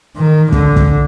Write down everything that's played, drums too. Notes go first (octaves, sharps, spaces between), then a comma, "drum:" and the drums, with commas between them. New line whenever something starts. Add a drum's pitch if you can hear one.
D#3
D3, drum: kick
drum: kick